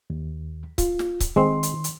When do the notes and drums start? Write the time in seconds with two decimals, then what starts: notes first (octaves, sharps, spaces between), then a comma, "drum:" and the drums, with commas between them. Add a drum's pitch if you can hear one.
0.10 D#2
0.78 F4, drum: kick C#1, hi-hat
0.99 drum: snare
1.20 drum: kick C#1, hi-hat
1.36 D#3 G#3 C4 C6
1.63 drum: hi-hat
1.84 drum: hi-hat